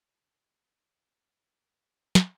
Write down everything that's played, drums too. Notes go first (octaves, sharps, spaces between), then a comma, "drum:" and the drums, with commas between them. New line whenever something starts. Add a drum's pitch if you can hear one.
D#3 F#3 B3 C4 D4 F4
drum: snare